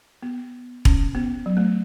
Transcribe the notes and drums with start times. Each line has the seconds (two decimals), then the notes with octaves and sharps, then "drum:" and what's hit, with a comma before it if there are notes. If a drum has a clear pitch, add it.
0.23 B3
0.85 C#4, drum: kick E1
1.15 B3
1.46 F#3
1.57 A3